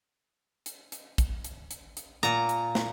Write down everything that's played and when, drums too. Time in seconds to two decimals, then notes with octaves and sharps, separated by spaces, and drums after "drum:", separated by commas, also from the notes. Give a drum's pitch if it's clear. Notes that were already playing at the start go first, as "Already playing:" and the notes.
0.66 drum: hi-hat
0.92 drum: hi-hat
1.18 drum: kick, hi-hat
1.44 drum: hi-hat
1.71 drum: hi-hat
1.97 drum: hi-hat
2.23 A#2 A#5, drum: hi-hat
2.49 drum: hi-hat
2.75 drum: snare